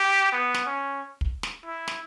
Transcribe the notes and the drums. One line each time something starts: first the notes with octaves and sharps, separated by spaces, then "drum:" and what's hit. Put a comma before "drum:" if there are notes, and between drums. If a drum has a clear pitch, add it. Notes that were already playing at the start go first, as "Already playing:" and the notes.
Already playing: G4
B3
drum: snare
C#4
drum: kick
drum: snare
E4
drum: snare